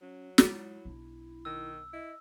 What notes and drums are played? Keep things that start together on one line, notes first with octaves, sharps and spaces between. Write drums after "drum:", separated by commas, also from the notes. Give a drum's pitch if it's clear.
F#3 C#4
G#3 E4 F4, drum: snare
B1 D4
D#3 E6
E4 D#5